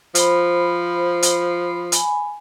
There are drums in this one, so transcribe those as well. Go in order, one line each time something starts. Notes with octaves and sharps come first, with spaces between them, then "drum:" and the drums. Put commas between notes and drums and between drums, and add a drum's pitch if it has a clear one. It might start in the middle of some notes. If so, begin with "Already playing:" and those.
F3 C5 B5, drum: hi-hat
drum: hi-hat
G#5 B5, drum: hi-hat